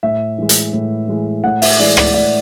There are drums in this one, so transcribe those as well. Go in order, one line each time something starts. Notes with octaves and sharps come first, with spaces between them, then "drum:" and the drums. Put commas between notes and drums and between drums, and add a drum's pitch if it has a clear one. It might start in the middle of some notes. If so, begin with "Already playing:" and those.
A2 E5
E3 G#3
drum: hi-hat
A2
E3 G#3
A2 F#5
E5, drum: open hi-hat
E3 G#3 D5
D5, drum: rim click
A2 D5